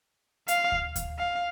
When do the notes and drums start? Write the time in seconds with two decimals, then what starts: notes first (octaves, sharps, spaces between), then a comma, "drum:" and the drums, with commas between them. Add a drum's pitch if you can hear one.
0.48 F5, drum: hi-hat
0.72 drum: kick D2
0.96 drum: kick D2, hi-hat
1.19 F5